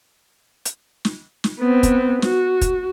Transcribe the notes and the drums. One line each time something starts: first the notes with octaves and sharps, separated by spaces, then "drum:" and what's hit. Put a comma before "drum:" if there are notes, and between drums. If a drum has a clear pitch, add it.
drum: hi-hat
drum: snare
drum: snare
B3 C4
drum: kick, hi-hat
F#4, drum: snare
drum: kick, hi-hat